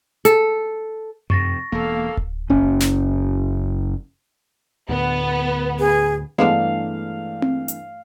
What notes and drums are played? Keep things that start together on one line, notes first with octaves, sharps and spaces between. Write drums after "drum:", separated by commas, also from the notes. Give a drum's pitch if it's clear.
A4, drum: hi-hat
F2 C3 C#6 A6 A#6, drum: tom F#2
E1 A#3 A4 F5
drum: kick D1
F#1 C#4
drum: snare
D2 A2 D3 B3
G#4
G2 E3 G#3 A3 B3 D4 F5
drum: tom C4
drum: hi-hat